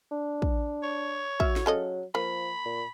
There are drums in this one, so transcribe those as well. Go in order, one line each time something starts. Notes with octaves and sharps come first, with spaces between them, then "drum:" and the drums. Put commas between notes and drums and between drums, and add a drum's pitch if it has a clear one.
D4
drum: kick
C#5
F#4 E5, drum: kick
drum: snare
C#3 F#3 A4 D#5
F3 A#3 B5
A#2